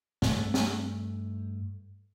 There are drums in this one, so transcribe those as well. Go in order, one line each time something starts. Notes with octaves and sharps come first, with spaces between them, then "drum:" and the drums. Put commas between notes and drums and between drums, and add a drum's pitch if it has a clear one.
G2 A3, drum: snare
drum: snare